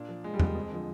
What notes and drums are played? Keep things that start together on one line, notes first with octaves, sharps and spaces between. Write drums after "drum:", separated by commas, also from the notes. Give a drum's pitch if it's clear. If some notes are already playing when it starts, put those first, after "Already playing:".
Already playing: A#2 D4
F3
A#2 G#3
G3
F3 G#3, drum: tom E2
F2
D3 F3